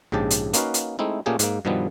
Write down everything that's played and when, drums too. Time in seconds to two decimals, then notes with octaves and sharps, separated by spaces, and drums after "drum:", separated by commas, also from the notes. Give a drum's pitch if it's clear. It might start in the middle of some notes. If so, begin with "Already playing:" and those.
0.12 A#1 G#2 C#3 G4 A5
0.30 drum: hi-hat
0.53 A#3 C#4 D#4 F#4 B4 F5, drum: hi-hat
0.74 drum: hi-hat
0.99 G#3 A3 C4 D#4 E4
1.26 A#2 A3 A#3 C#4 G4 G#4
1.39 G#2 A#3, drum: hi-hat
1.65 G2 B2 D#3 F3 G3 B3